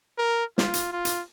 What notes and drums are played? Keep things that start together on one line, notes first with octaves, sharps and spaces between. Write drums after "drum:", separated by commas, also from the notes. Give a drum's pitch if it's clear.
A#4
F4, drum: snare
drum: hi-hat
F4
drum: hi-hat